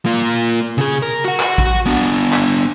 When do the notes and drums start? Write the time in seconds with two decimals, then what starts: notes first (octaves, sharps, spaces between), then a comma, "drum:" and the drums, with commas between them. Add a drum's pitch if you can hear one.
0.06 A#3 F4
0.78 C#3 G#4
1.02 A#4
1.24 F#4 F#5
1.40 drum: clap
1.58 drum: kick
1.86 B3 D4
2.32 drum: clap